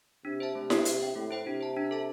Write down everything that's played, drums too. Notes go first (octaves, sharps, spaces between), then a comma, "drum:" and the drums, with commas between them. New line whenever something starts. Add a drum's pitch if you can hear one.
C3 D4
C5 E5 A5
C3 A3
D4 G4, drum: snare E4
C3 G4, drum: hi-hat
E5 G5
A2 A3
E4 C5 G5
C3 D4
C5 A5
D4
A4 E5 A5